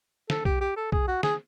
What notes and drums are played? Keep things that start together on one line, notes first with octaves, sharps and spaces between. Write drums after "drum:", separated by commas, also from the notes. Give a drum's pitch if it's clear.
A4, drum: snare
G4, drum: kick
G4
A4
G#4, drum: kick
F#4
G#4, drum: snare